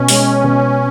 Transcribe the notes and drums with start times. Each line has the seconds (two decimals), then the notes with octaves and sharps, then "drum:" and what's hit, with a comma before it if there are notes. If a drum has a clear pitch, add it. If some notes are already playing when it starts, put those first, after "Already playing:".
Already playing: B2 C#4
0.08 G#3, drum: open hi-hat
0.44 B2